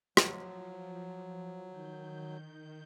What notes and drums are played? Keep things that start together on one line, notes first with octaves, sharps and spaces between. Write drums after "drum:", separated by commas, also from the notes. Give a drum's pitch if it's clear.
F3 F#3, drum: rim click
D#3 G6